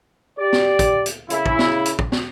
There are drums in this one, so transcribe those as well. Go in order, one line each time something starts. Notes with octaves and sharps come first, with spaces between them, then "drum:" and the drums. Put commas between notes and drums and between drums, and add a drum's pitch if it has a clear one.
G4 D5
drum: snare
drum: kick, hi-hat
drum: hi-hat
C#3 E4, drum: hi-hat
drum: kick
drum: snare
drum: hi-hat
drum: kick
drum: snare